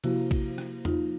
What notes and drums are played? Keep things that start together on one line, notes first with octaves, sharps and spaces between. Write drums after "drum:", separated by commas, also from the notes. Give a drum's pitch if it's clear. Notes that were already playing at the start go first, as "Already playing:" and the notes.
C3 F3 A#3 E4 F#4, drum: cymbal
drum: kick A1, cymbal
drum: rim click
D#4 F4, drum: tom E2